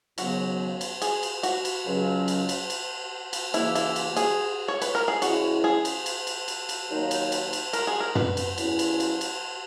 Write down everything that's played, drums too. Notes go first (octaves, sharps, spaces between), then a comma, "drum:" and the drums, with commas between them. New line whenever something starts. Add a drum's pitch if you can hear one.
D#2 C#3 F#3 B3 F#4, drum: cymbal
drum: cymbal
G#4, drum: cymbal
drum: cymbal
F#4, drum: cymbal
drum: cymbal
C#2 C#3 F#3 C#4
drum: cymbal
drum: cymbal
drum: cymbal
drum: cymbal
C#3 E3 A#3 E4, drum: cymbal
E4, drum: cymbal
drum: cymbal
G#4, drum: cymbal
C#5
B4, drum: cymbal
A#4
G#4
C#3 E3 G#3 C#4 E4 F#4, drum: cymbal
G#4
drum: cymbal
drum: cymbal
drum: cymbal
drum: cymbal
drum: cymbal
D#2 D#3 F#3 A#3 D#4
drum: cymbal
drum: cymbal
drum: cymbal
A#4, drum: cymbal
G#4
A#4
B4, drum: tom
drum: cymbal
E2 B2 F#3 C#4 E4, drum: cymbal
drum: cymbal
drum: cymbal
drum: cymbal